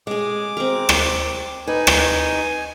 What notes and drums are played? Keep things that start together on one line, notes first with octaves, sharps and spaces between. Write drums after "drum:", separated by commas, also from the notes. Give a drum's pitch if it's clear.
G#3 G#4 D6
C4 A#4
drum: rim click
D#4 B4 G#5
drum: rim click